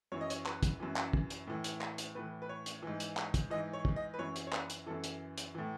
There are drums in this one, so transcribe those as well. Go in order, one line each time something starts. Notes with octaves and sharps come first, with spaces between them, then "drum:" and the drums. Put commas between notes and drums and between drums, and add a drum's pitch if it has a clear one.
F#2 E3 C#5
D#5
C#5, drum: hi-hat
B4, drum: clap
drum: kick, hi-hat
F#2 E3
drum: clap
drum: kick
drum: hi-hat
A2 E3
drum: hi-hat
drum: clap
drum: hi-hat
A2 E3 B4
B4
C#5
drum: hi-hat
G#2 E3
drum: hi-hat
drum: clap
drum: kick, hi-hat
G#2 E3 D#5
C#5
drum: kick
D#5
B4
F#2 E3 C#5
drum: hi-hat
C#5
B4, drum: clap
drum: hi-hat
F#2 E3 A4
drum: hi-hat
drum: hi-hat
A2 E3